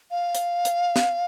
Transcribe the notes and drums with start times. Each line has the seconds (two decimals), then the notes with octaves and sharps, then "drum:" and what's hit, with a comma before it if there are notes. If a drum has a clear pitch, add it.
0.11 F5
0.35 drum: hi-hat
0.65 drum: hi-hat
0.96 drum: snare